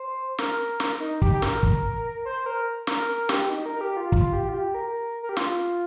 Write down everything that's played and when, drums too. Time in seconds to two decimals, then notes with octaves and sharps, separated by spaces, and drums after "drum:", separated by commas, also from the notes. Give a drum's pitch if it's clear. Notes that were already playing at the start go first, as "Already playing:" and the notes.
Already playing: C5
0.38 A#4, drum: snare
0.80 drum: snare
1.00 D#4
1.22 G4, drum: kick
1.34 G4
1.42 A#4, drum: snare
1.63 drum: kick
2.25 C5
2.46 A#4
2.87 A#4, drum: snare
3.09 A#4
3.29 G4, drum: snare
3.50 D#4
3.66 A#4
3.76 A#4
3.81 G4
3.97 F4
4.12 F4, drum: kick
4.33 G4
4.49 F4
4.54 G4
4.75 A#4
5.23 A#4
5.29 G4
5.37 F4, drum: snare